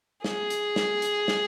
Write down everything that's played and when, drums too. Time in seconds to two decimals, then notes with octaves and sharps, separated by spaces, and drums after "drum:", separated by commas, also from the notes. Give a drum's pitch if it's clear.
0.24 G#4, drum: snare
0.50 drum: hi-hat
0.76 drum: snare
1.02 drum: hi-hat
1.28 drum: snare